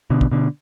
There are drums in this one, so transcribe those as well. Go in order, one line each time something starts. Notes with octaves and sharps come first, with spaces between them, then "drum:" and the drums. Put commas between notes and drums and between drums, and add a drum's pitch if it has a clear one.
B2 D3
drum: kick
B2 D3